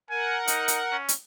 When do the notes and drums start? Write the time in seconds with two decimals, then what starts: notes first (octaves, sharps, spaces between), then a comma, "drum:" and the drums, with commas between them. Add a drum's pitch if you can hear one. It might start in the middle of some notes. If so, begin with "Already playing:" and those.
0.10 A#4 F#5 G#5
0.48 D#4, drum: hi-hat
0.68 drum: hi-hat
0.92 C#4
1.09 drum: hi-hat